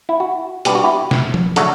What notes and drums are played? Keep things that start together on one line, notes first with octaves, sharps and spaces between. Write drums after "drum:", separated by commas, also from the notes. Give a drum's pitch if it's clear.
E4
F#4
B2 G3 B3 D4 G4, drum: hi-hat
F#4
E4 G4
drum: snare
drum: tom F3
C#3 F#3 A3 D4 F#4 A4, drum: hi-hat